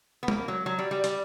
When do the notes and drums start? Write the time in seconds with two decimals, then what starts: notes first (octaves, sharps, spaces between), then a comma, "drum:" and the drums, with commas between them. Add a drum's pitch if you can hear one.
0.23 B3
0.28 A#3, drum: tom
0.48 F#3
0.66 F#3
0.79 G3
0.91 G3
1.04 G3, drum: hi-hat